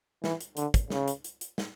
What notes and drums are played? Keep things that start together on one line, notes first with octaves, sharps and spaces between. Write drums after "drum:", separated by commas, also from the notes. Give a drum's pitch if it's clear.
E3, drum: snare
drum: hi-hat
D3, drum: hi-hat
drum: kick, hi-hat
C#3, drum: snare
drum: hi-hat
drum: hi-hat
drum: hi-hat
drum: snare